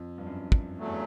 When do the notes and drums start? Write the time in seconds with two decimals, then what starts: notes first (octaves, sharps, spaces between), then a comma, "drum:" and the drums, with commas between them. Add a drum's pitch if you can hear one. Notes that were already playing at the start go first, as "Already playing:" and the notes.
Already playing: F2
0.18 G2
0.27 F#2
0.52 drum: kick
0.77 E2 C#3 F#3 A3